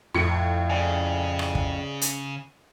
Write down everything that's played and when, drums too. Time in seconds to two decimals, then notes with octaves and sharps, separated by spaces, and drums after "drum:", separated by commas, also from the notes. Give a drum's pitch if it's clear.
0.14 F2 A2 C#7
0.70 C#3 D5 G#5
1.39 drum: rim click
1.55 drum: kick
2.01 drum: hi-hat